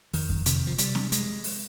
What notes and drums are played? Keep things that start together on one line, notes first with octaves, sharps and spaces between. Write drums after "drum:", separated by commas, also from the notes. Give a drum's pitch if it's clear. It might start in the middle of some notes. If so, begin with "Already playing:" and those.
F2 D#3, drum: open hi-hat
drum: kick F2
C3 D#3, drum: hi-hat
F3
C3 G3, drum: hi-hat
drum: snare C4
G#3, drum: hi-hat
drum: open hi-hat